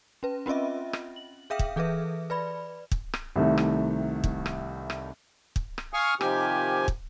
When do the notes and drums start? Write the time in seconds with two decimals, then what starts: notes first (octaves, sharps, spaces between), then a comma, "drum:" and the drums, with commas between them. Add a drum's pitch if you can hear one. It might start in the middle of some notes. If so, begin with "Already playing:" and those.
0.23 C#4 B4
0.46 C4 C#4 F4 D#5 E5
0.93 drum: rim click
1.16 F#7
1.50 G#4 E5 F5 G5
1.59 drum: kick
1.76 E3 G#4 A4 B4 E5
2.30 B4 D5 B5
2.91 drum: kick
3.14 drum: rim click
3.36 C2 C3 D#3 A3
3.58 drum: rim click
4.24 drum: kick
4.46 drum: rim click
4.90 drum: rim click
5.56 drum: kick
5.78 drum: rim click
5.93 F5 G#5 C#6 D#6 F6
6.21 C3 D#3 F3 G4 G#5, drum: rim click
6.88 drum: kick